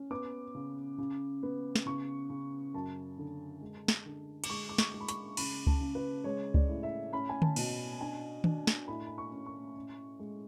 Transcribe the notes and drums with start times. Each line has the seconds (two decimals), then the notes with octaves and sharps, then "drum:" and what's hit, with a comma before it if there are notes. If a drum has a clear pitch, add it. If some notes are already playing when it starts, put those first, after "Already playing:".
Already playing: C#4
0.11 B3 D6
0.55 C#3
0.98 C#3
1.43 B3
1.75 drum: snare
1.86 C#3 C#6
2.30 C#3
2.74 F#2 A5
3.18 D3
3.61 G#3
3.88 drum: snare
4.06 D3
4.44 D6, drum: cymbal
4.49 G#3 C#6
4.69 D6
4.78 C#6, drum: snare
4.94 G#3
5.00 B5
5.09 C#6, drum: hi-hat
5.37 C#3 B5, drum: cymbal
5.67 A5, drum: kick C#2
5.81 C#3
5.95 B4
6.24 G#3 C#5
6.54 D5, drum: kick C#2
6.68 A2
6.83 E5
7.13 C#4 B5
7.29 G#5
7.42 A5, drum: tom D3
7.56 B2, drum: cymbal
8.01 D4 G#5
8.44 D4, drum: tom D#3
8.67 drum: snare
8.88 A2 B5
9.07 B5
9.18 C#6
9.31 C#4
9.46 C#6
9.76 C#4
10.19 G#3